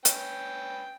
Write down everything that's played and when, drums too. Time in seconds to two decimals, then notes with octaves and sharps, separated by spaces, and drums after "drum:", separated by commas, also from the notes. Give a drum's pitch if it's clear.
0.05 C#4 B4 G5, drum: hi-hat